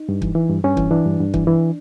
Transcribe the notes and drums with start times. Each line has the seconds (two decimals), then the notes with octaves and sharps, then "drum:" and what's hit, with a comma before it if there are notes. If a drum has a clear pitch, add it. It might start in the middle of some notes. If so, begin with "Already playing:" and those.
Already playing: D#4
0.09 G2
0.22 E3, drum: kick
0.35 E3
0.50 G2
0.64 G2 C#4
0.77 E3, drum: kick
0.91 E3 D4
1.06 G2
1.20 G2
1.34 E3, drum: kick
1.47 E3